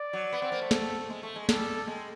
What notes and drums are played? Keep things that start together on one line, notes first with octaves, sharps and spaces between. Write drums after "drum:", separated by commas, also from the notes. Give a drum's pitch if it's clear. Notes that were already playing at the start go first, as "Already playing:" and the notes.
Already playing: D5
F#3
B3
C4
A#3
A3
A4, drum: snare
G#3
A3
G#3
G3 A4, drum: snare
G#3